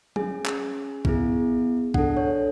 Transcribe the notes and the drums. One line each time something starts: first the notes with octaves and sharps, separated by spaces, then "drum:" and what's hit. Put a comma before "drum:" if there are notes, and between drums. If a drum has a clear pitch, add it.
C#4 G#4 G#5, drum: tom F#3
drum: clap
B3 E4 G#4, drum: kick
D4 A4 F#5, drum: kick
C#5